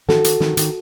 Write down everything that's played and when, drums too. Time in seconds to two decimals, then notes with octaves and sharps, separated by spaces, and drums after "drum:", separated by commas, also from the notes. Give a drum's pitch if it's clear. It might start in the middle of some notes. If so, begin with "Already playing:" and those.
0.09 D#3 F#4 A4, drum: snare
0.24 D#3, drum: hi-hat
0.40 D#3, drum: snare
0.57 D#3, drum: hi-hat